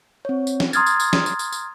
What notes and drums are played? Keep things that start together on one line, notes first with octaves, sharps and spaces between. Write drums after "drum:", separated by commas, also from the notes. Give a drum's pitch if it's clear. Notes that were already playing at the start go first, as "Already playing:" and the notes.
C4 C#5
drum: tambourine
drum: snare
A#5 C6 D#6 F6 G#6 A6, drum: tambourine
drum: tambourine
drum: tambourine
drum: snare
drum: tambourine
drum: tambourine
drum: tambourine